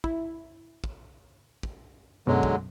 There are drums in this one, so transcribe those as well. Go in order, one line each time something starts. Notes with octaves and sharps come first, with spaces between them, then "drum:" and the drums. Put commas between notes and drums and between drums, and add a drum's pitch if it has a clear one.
E4, drum: kick
drum: kick
drum: kick
F#2 B2 D3 F#3 G#3
drum: kick